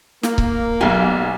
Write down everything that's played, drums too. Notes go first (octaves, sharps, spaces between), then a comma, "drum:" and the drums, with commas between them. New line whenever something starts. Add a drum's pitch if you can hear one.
A#3, drum: snare
drum: kick C#1
B1 F#3 G3 B3 G#5 C6